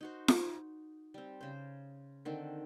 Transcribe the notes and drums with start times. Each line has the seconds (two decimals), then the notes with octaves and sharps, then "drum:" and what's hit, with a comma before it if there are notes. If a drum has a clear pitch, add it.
0.01 D#4 F#4 C5
0.28 drum: snare F4
1.14 G3 C4
1.41 C#3 C5
2.25 D3 D#3 C4